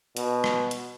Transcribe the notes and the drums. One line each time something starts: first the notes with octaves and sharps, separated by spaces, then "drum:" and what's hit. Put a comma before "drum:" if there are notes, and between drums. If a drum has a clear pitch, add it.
B2, drum: hi-hat
drum: rim click
drum: hi-hat